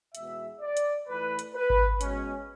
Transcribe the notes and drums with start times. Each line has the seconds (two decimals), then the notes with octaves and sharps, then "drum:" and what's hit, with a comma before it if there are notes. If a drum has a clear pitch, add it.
0.15 E2 B2 G#3 B3 E5, drum: hi-hat
0.61 D5
0.77 drum: hi-hat
1.08 A2 E3 A3 B4
1.39 drum: hi-hat
1.55 B4
1.70 drum: kick G#1
2.01 B2 G#3 B3 C#4, drum: hi-hat